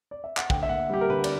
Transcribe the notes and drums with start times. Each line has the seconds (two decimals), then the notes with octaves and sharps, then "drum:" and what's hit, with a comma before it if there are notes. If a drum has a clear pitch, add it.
0.11 D5
0.24 E5
0.37 F#5, drum: clap
0.50 D2 G5, drum: kick
0.63 E5
0.69 A#3 F#5
0.90 G3 G4
1.01 A#4
1.09 D3 B4
1.24 D5, drum: cymbal